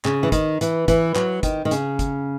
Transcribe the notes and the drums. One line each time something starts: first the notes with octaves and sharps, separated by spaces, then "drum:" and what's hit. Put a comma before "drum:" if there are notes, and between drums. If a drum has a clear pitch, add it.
C#3, drum: clap
E3
D#3, drum: kick, hi-hat
E3, drum: hi-hat
E3, drum: kick, hi-hat
F#3, drum: clap
D#3, drum: kick, hi-hat
D#3
C#3, drum: hi-hat
drum: kick, hi-hat